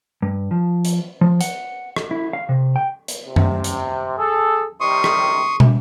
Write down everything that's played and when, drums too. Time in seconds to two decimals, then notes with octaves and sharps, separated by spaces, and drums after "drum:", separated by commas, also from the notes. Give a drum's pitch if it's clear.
0.22 G2
0.51 F3
0.85 drum: hi-hat
1.21 F3
1.41 F#5, drum: hi-hat
1.96 drum: rim click
2.11 E4
2.33 F5
2.49 C3
2.76 G5
3.08 drum: hi-hat
3.27 C3
3.36 drum: tom F#2
3.64 drum: hi-hat
4.17 G#4 A4
4.80 C3 D#3 G3 C6 C#6 D#6
5.04 drum: rim click
5.60 drum: tom